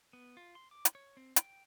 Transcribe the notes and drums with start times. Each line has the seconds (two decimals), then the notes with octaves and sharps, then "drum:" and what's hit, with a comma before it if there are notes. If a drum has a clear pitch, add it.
0.13 B3
0.37 F4
0.55 C6
0.71 D6
0.85 drum: hi-hat
0.95 C#5
1.17 C4
1.36 G5, drum: hi-hat